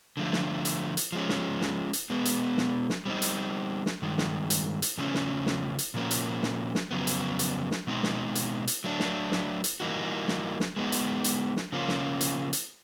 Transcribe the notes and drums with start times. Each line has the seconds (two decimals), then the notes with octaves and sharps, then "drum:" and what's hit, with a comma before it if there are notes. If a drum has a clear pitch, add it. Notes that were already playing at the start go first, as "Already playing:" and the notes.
0.17 D3 F3 A3
0.33 drum: snare
0.65 drum: hi-hat
0.97 drum: hi-hat
1.12 F3 G#3 C#4
1.29 drum: snare
1.61 drum: snare
1.93 drum: hi-hat
2.10 B2 G#3 B3
2.25 drum: hi-hat
2.57 drum: snare
2.90 drum: snare
3.05 G3 C4 D#4
3.22 drum: hi-hat
3.86 drum: snare
4.02 G2 D#3 G#3
4.18 drum: snare
4.50 drum: hi-hat
4.82 drum: hi-hat
4.98 E2 C#3 F3 A3 C#4
5.14 drum: snare
5.46 drum: snare
5.78 drum: hi-hat
5.94 A#2 F3 A#3 C#4 F#4
6.11 drum: hi-hat
6.43 drum: snare
6.75 drum: snare
6.91 F2 C#3 F#3 B3
7.07 drum: hi-hat
7.39 drum: hi-hat
7.71 drum: snare
7.87 B2 G#3 C4 D#4
8.03 drum: snare
8.35 drum: hi-hat
8.67 drum: hi-hat
8.84 F#3 A3 D4
9.00 drum: snare
9.32 drum: snare
9.64 drum: hi-hat
9.80 E3 G3 A#3 D#4 F#4
10.28 drum: snare
10.60 drum: snare
10.76 G#3 B3 D#4 F#4
10.92 drum: hi-hat
11.24 drum: hi-hat
11.56 drum: snare
11.72 C#3 F3 A#3 C#4 F4
11.88 drum: snare
12.21 drum: hi-hat
12.53 drum: hi-hat